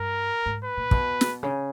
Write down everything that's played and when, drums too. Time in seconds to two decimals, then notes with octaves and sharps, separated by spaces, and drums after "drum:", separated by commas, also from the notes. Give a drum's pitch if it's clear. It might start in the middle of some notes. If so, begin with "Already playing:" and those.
Already playing: G2 A#4
0.46 G#2
0.65 B4
0.77 A#2
0.91 B2, drum: kick
1.21 drum: snare
1.43 C#3